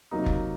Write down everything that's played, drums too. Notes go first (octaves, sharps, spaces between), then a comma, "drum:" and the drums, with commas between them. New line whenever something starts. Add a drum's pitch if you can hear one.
C3 F#3 A#3 D#4
drum: kick F1